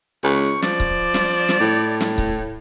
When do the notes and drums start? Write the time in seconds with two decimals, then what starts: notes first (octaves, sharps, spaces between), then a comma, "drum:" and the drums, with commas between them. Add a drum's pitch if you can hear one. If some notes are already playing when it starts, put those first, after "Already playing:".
0.24 C#2 C#6
0.62 F3 D5, drum: snare
0.80 drum: kick C#1
1.14 drum: snare
1.49 drum: snare
1.61 A2
2.01 drum: snare
2.18 drum: kick C#1